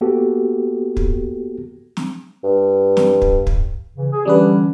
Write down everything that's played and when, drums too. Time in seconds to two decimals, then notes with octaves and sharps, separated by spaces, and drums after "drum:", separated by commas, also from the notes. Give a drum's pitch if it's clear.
0.01 A#3 B3 F#4 G4 A4
0.97 drum: kick
1.97 drum: snare
2.44 G2
2.97 drum: snare
3.22 drum: kick
3.47 drum: kick
3.97 C#3 E3
4.11 G#4
4.25 D3 E3 G3 C#4 D4 B4